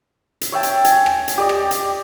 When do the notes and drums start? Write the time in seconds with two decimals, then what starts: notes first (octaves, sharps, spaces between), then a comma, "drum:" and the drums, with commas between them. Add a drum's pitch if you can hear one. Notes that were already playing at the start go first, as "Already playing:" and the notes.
0.41 drum: hi-hat
0.52 C#5 E5 G5 A5
0.63 drum: hi-hat
0.85 G#5, drum: hi-hat
1.06 drum: rim click
1.28 drum: hi-hat
1.38 G4 D5 D#5
1.49 drum: rim click
1.71 drum: hi-hat